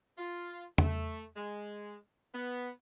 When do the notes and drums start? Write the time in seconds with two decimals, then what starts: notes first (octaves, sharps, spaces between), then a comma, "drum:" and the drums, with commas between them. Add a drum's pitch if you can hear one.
0.18 F4
0.78 A3, drum: tom E2
1.36 G#3
2.34 B3